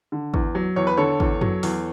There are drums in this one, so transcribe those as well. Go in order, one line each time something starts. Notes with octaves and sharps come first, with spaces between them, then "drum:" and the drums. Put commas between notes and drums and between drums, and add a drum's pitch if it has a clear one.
D3
E2, drum: kick
F#3
E2 C#5
B4
D3 A4 C#5
E2, drum: kick
F#3, drum: tom F#2
E2, drum: open hi-hat